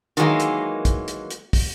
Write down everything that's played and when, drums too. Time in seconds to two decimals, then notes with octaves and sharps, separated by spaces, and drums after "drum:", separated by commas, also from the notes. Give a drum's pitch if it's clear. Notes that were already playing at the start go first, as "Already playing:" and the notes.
0.17 D#3 E3 F#3 G#3 A#3, drum: hi-hat
0.40 drum: hi-hat
0.85 drum: kick, hi-hat
1.08 drum: hi-hat
1.31 drum: hi-hat
1.53 drum: kick, open hi-hat